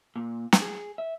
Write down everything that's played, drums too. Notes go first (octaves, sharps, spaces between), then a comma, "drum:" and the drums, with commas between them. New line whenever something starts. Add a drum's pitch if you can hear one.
A#2
drum: snare
G#4
E5